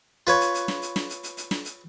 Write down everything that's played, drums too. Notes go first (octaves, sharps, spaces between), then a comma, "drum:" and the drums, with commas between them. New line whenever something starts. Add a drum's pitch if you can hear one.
F4 B4 C#5, drum: hi-hat
drum: hi-hat
drum: hi-hat
drum: snare
drum: hi-hat
drum: snare
drum: hi-hat
drum: hi-hat
drum: hi-hat
drum: snare
drum: hi-hat